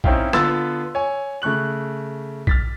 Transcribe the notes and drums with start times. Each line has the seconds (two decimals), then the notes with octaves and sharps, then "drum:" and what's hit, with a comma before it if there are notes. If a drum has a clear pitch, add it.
0.04 C4 C#4 D#4 E4 F5 G5, drum: kick A#1
0.33 D3 B3 F4 B5 E6 A6, drum: rim click
0.95 C#5 G#5
1.42 C#3 A3 C#6 F#6 F#7
2.47 F6 A6 B6, drum: kick A#1